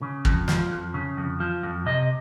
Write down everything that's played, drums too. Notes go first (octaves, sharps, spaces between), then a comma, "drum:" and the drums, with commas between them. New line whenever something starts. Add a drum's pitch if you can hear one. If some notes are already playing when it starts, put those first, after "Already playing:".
C#3
F2, drum: kick
F3, drum: snare
F2
C#3
F2
F3
F2
C3 D#5